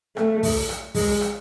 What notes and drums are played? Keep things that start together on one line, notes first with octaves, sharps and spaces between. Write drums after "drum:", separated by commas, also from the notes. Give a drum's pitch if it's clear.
A3, drum: rim click
drum: kick, open hi-hat
drum: rim click
G#3, drum: kick, open hi-hat
drum: rim click